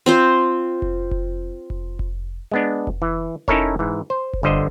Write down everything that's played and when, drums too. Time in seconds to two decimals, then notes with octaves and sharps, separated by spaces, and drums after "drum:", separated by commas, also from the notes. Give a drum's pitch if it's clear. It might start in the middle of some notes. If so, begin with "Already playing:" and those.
0.06 C4 F4 C5
0.82 drum: kick F1
1.11 drum: kick F1
1.70 drum: kick F1
1.99 drum: kick F1
2.52 G#3 B3 D4
2.87 drum: kick F1
3.02 E3
3.48 C#4 D#4 E4 A4 A#4 C#5, drum: kick F1
3.79 G#2 E3
4.10 C5
4.33 drum: kick F1
4.43 G1 D3 C5 D#5